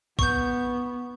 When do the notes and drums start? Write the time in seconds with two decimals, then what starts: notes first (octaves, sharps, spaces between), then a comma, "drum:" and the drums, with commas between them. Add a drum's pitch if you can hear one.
0.19 B3 C#6 G6, drum: kick